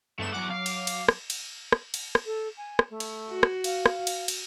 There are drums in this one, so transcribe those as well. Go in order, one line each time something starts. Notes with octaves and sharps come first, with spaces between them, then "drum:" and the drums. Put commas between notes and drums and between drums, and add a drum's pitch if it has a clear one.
G2 A3 B3 E7
E2 F#3 F#5 D6
F5
drum: cymbal
drum: cymbal
drum: rim click
drum: cymbal
drum: rim click
drum: cymbal
drum: rim click
A4
G#5
drum: rim click
A3
drum: cymbal
F#4
drum: rim click
F5, drum: cymbal
drum: rim click
drum: cymbal
drum: cymbal